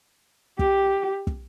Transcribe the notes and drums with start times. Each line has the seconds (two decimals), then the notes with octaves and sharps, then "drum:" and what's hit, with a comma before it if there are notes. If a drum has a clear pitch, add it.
0.59 G4, drum: kick
1.27 drum: kick